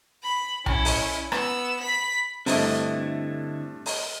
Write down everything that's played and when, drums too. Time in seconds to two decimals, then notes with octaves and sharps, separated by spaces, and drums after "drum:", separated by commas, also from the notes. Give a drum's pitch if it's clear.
0.23 B5
0.66 C#4 E4, drum: tom B1
0.85 drum: open hi-hat
1.32 B3 E6, drum: rim click
1.81 B5 B6
2.46 G2 D3 A3 C4 E4 D#5, drum: open hi-hat
3.86 drum: open hi-hat